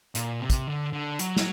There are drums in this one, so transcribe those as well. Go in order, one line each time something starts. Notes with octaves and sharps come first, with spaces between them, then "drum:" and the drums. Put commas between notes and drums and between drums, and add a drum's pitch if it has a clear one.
A#2, drum: hi-hat
C3
drum: kick, hi-hat
D3
D3
F#3, drum: hi-hat
drum: snare